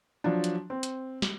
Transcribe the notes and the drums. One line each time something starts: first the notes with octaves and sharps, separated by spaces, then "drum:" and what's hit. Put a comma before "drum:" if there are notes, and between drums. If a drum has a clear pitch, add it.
F3 F#3 D4
drum: hi-hat
C4
drum: hi-hat
drum: snare